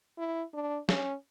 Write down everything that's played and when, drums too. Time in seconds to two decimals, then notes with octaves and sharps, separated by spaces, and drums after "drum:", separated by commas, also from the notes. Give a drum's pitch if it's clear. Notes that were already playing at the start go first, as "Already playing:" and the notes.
0.18 E4
0.54 D4
0.89 C#4, drum: snare